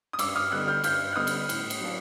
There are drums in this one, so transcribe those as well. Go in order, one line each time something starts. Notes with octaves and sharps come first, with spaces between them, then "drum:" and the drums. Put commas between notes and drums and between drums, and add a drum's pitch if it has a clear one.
D#6
G2 D6 E6, drum: cymbal
D#6 F6
D3 G3 B3 D#4 E6 F#6
F6 G6
G2 F6 G6, drum: cymbal
F#6
D3 G3 B3 D#4 D#6 F6
drum: cymbal
A2, drum: cymbal
drum: cymbal
F#3 A#3 D4